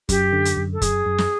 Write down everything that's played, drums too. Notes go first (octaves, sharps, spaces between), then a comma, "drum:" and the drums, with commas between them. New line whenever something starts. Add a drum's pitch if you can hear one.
F#2 G4, drum: kick F1, hi-hat
D3
drum: hi-hat
F#2
A4
F#2 G#4, drum: kick F1, hi-hat
F#2
drum: snare